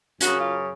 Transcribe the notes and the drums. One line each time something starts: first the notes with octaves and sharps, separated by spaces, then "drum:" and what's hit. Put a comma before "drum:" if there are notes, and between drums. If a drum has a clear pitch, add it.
F#2 C#3 F#4, drum: hi-hat
F4